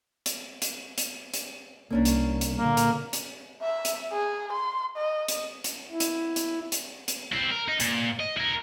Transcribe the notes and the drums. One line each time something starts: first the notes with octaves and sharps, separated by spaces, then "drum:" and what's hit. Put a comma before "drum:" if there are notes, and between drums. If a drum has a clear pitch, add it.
drum: hi-hat
drum: hi-hat
drum: hi-hat
drum: hi-hat
C2 A#3 C#4 D4
drum: hi-hat
drum: hi-hat
A#2 D3 A#3
drum: hi-hat
drum: hi-hat
E5
drum: hi-hat
G#4
C6
D#5
drum: hi-hat
drum: hi-hat
E4
drum: hi-hat
drum: hi-hat
drum: hi-hat
drum: hi-hat
C4 E4
A#4
D#4
A#2, drum: hi-hat
D#5
E4 A#4